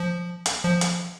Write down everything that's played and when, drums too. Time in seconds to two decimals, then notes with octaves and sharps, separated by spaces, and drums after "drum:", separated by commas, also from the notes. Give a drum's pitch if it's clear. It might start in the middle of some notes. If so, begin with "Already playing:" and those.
Already playing: F3
0.46 drum: hi-hat
0.63 F3
0.81 drum: hi-hat